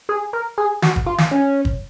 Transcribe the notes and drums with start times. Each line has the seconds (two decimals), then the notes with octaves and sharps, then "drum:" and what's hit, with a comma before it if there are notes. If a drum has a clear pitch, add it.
0.09 G#4
0.33 A#4
0.58 G#4
0.82 F#4, drum: snare
0.96 drum: kick
1.06 F4
1.18 drum: snare
1.31 C#4
1.65 drum: kick